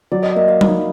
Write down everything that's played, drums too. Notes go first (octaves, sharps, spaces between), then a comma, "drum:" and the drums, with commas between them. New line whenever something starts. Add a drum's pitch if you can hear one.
F#3 D5
D#5
A#3 E5
F5
D#4 B5, drum: tom F#3